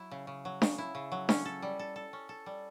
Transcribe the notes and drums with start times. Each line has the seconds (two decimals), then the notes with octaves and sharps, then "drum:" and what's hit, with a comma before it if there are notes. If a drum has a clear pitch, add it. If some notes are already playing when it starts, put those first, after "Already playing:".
Already playing: F#3 E4
0.11 C#3
0.27 C#3
0.45 F#3
0.62 C#3, drum: snare D4
0.78 E4
0.95 C#3
1.12 F#3
1.29 C#4, drum: snare D4
1.45 A4
1.62 G3
1.79 A4
1.96 A4
2.13 C#4
2.29 A4
2.46 G3